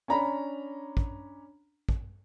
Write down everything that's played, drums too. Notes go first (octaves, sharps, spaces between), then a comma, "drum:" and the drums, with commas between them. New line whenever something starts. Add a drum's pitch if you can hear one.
C#4 D4 A#5 B5
drum: kick
drum: kick